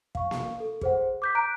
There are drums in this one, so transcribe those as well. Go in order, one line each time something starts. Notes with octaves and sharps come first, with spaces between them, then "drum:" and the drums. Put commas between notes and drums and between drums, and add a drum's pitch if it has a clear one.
F5 C#6, drum: kick
drum: snare A#3
A4
G#4 C5 F#5, drum: kick
D6 G6 B6
A#5 F#6 G6 D7